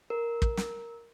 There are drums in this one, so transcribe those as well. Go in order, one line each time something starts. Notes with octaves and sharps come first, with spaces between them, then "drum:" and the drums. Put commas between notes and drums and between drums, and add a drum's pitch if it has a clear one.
A#4
drum: kick
drum: snare